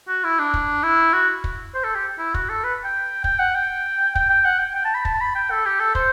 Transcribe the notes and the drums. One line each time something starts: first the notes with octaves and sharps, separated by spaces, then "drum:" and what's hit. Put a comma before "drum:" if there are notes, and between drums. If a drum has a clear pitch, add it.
F#4
E4
D4
drum: kick
E4
F#4
drum: kick
C5
A4
G4
E4
F#4, drum: kick
A4
B4
G5
G5, drum: kick
F#5
G5
G5, drum: kick
G5
F#5
G5
G5
A5
B5
A5, drum: kick
B5
G5
A4
G4
A4
C5, drum: kick